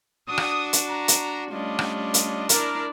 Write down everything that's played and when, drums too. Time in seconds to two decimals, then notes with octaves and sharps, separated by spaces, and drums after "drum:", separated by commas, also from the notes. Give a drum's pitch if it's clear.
0.28 D4 F#4 D#6
0.38 drum: rim click
0.73 drum: hi-hat
0.89 A#5
1.08 drum: hi-hat
1.51 G3 A3 C#4 D4 F4 D#5
1.79 drum: rim click
2.14 drum: hi-hat
2.49 D4 E4 A#4 D5, drum: hi-hat